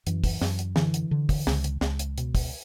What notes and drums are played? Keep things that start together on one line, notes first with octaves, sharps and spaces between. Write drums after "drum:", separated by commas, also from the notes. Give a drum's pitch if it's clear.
F#2 E3, drum: hi-hat
drum: kick, open hi-hat
F#2, drum: snare
drum: hi-hat
D3 E3, drum: snare
drum: hi-hat
D3
drum: kick, open hi-hat
C#2, drum: snare
drum: hi-hat
C#2, drum: snare
drum: hi-hat
B2, drum: hi-hat
drum: kick, open hi-hat